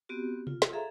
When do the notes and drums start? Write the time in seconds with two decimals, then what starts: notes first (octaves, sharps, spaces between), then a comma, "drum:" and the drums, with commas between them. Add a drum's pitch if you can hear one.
0.09 B3 C4 F#4 G4
0.47 F4, drum: tom C3
0.62 drum: snare
0.73 G#4 A4 E5 F5 A#5